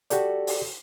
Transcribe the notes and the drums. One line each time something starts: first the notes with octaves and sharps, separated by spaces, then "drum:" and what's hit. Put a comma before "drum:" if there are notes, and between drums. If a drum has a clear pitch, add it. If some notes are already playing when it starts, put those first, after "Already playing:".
F#4 G4 A4 D5, drum: hi-hat
drum: open hi-hat